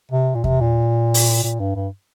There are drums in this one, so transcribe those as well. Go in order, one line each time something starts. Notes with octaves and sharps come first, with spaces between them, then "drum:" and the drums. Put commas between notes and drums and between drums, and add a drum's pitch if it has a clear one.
C3
A#2
C3, drum: kick E2
A#2
drum: open hi-hat
A#2
G2
G2